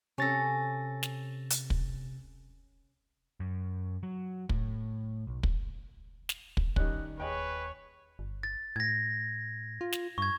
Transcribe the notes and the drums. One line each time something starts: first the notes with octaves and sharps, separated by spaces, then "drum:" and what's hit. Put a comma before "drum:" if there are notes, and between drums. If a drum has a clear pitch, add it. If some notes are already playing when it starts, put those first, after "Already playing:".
C3 C#4 A4 A6 A#6
drum: snare
drum: hi-hat
drum: kick
F#2
F#3
A2, drum: kick
B1
drum: kick
drum: snare
drum: kick
D#3 G3 C#4 D#5 F#6, drum: kick
D#2 G#4 B4 C#5 D#5 G5
G1
A6
A2 G#6 A#6
F4
drum: snare
G2 C#6 G#6